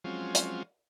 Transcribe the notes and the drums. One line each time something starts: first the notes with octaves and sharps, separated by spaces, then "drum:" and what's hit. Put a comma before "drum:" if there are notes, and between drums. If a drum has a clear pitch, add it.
F3 F#3 G#3 C4 C#4 F4
drum: hi-hat